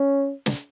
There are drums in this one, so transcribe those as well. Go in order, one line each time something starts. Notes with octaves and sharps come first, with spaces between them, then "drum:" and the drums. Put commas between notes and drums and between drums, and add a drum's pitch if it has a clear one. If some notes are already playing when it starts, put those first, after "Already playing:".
Already playing: C#4
drum: snare